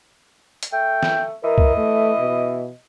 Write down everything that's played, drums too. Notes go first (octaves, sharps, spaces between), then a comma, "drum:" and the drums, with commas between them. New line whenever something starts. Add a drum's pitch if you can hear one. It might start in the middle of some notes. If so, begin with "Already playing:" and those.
drum: hi-hat
A3 G5
drum: snare
E3 A#4 D#5
drum: kick
A3
B2